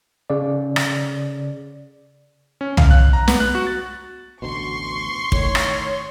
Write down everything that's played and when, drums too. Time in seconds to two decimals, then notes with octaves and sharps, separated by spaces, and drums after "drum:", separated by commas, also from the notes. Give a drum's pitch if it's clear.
0.30 C#3 D5
0.76 drum: rim click
2.61 C#4
2.77 F5, drum: tom C2
2.90 F#6
3.13 A#5
3.28 B3, drum: snare
3.40 F#6
3.55 F#4
3.67 A6
4.42 A1 D2 B2 C6 C#6
5.32 A2 D#3 C#5, drum: kick
5.55 drum: rim click